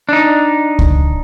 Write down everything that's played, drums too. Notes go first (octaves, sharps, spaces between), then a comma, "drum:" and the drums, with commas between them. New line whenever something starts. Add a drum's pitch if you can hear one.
D4 D#4
drum: kick C#2